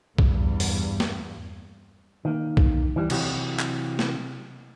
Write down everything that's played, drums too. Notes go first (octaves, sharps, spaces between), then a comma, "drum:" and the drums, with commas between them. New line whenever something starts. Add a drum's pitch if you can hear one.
E2 G2, drum: kick B1
drum: open hi-hat
drum: snare
D#3 A#3
drum: kick B1
E3 G3
C3 E3 F#3 F#4 G4, drum: cymbal
drum: clap
drum: snare